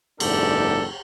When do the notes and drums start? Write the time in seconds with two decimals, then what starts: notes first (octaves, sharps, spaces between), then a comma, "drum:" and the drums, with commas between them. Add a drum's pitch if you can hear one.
0.20 F#1 E2 G#2 D4 G4 A4, drum: cymbal